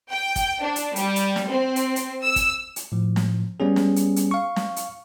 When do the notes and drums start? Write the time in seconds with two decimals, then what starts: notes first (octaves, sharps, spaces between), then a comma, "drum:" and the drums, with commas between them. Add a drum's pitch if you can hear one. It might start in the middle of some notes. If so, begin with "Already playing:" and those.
0.11 G5
0.36 drum: kick, hi-hat
0.62 D4
0.76 drum: hi-hat
0.96 G3, drum: hi-hat
1.16 drum: hi-hat
1.36 drum: snare
1.49 C4
1.76 drum: hi-hat
1.96 drum: hi-hat
2.23 E6
2.36 drum: kick, hi-hat
2.76 drum: hi-hat
2.92 A2 F3
3.16 drum: snare
3.60 G3 B3 C#4 G#4
3.76 drum: snare
3.96 drum: hi-hat
4.16 drum: hi-hat
4.31 F5 C#6
4.56 drum: snare
4.76 drum: hi-hat